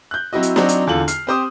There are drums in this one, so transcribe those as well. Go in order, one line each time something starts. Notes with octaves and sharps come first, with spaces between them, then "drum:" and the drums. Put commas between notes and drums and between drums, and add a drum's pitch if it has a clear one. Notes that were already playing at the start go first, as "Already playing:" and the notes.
F#6 G6
F#3 C4 E4 F#4 D#5
drum: hi-hat
F#3 C4 D4 D#4 F#4, drum: snare
drum: hi-hat
E2 D3 F4 A4 F#7
F6 C7, drum: hi-hat
C4 G4 C5 D6 D#6